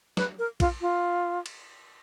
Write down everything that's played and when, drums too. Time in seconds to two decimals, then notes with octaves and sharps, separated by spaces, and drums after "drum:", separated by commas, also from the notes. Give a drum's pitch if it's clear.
0.17 B4, drum: snare
0.39 A#4
0.60 F4, drum: kick A#1, cymbal
0.81 F4
1.46 drum: cymbal